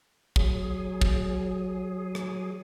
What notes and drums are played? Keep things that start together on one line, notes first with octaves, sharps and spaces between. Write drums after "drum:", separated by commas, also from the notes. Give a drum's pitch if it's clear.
F#3 G#4, drum: kick
drum: kick
drum: rim click